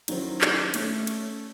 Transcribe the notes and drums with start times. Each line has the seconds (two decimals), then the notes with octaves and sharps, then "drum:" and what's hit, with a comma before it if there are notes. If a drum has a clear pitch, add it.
0.08 D#3 F#3 C#4 E4 C5, drum: cymbal
0.41 drum: clap
0.74 A3 C#4, drum: cymbal
1.07 drum: cymbal